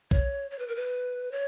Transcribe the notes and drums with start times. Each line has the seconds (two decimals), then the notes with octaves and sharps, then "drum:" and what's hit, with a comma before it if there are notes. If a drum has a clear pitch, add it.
0.11 C#5, drum: kick
0.51 C#5
0.59 B4
0.68 A#4
0.76 B4
1.32 C#5